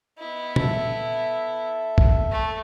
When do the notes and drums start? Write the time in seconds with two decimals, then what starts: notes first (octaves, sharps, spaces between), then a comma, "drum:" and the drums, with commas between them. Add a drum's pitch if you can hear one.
0.19 B3 E4 D#5
0.56 A4 E5, drum: tom A#2
1.98 drum: kick
2.31 A3